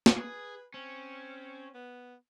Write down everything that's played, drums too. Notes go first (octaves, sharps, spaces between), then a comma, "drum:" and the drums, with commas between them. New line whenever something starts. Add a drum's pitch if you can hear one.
drum: snare
G#4 B4
C4 C#4
B3